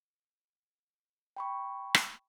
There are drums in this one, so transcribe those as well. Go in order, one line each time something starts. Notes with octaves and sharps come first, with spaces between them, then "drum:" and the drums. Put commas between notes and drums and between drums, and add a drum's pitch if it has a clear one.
G5 B5 C#6
drum: rim click